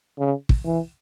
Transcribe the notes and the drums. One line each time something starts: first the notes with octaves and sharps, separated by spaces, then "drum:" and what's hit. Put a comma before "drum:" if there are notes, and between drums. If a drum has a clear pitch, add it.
C#3
drum: kick
E3